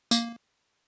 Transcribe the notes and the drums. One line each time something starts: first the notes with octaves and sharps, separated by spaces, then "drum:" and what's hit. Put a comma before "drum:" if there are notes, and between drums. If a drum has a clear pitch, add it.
A#3, drum: tambourine